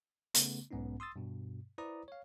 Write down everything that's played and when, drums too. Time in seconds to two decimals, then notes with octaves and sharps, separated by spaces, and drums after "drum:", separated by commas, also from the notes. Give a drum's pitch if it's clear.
0.34 C#3 A3 B3, drum: hi-hat
0.71 B1 G#2 B3 C#4 D#4
1.00 C6 D#6 E6 A6
1.16 G2 B2
1.78 E4 B4 C5 D5 A#5 D#6
2.08 C#5 F5